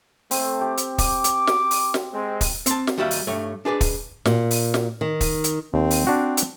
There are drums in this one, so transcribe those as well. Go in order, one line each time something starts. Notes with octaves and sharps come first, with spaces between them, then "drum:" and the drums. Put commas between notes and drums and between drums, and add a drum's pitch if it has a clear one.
A3 C4, drum: open hi-hat
G4
drum: hi-hat
D6, drum: kick, open hi-hat
drum: hi-hat
drum: snare
drum: open hi-hat
drum: snare
G#3 C4
drum: kick, open hi-hat
C4 A5, drum: hi-hat
drum: snare
D#2 G3 F#4 E5 F5
drum: open hi-hat
G2 A3 C#5
D4 G#4 B4 D5
drum: kick, open hi-hat
A#2, drum: snare
drum: open hi-hat
drum: snare
D#3
drum: kick, open hi-hat
drum: hi-hat
D#2 C4
drum: open hi-hat
D4 F#4
drum: hi-hat